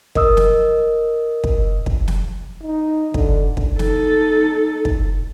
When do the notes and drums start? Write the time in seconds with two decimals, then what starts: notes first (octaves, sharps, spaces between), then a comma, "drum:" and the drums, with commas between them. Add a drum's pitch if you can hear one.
0.15 A#4 D#5 D#6 E6, drum: kick
0.37 drum: snare
1.44 drum: kick
1.86 drum: kick
2.08 drum: snare
2.63 D#4
3.14 D3, drum: kick
3.57 drum: kick
3.79 D#4 A4, drum: snare
4.85 drum: kick